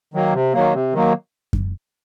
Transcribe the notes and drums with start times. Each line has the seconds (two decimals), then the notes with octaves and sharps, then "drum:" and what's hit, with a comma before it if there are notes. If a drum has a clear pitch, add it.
0.14 D#3 F#3 A#3
0.33 C3
0.53 D#3 F#3 A#3
0.74 C3
0.93 D#3 F#3 A#3
1.53 drum: kick F#2